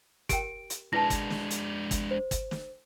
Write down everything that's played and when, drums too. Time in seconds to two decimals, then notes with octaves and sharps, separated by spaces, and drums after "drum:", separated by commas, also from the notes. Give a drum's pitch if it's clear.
0.29 G4 A#4 G5 D7, drum: kick, hi-hat
0.70 drum: hi-hat
0.93 G#3 D4 E4 B4 A5 A#6
1.10 drum: kick, hi-hat
1.30 drum: snare
1.50 drum: hi-hat
1.91 drum: kick, hi-hat
2.11 C5
2.31 drum: kick, hi-hat
2.51 drum: snare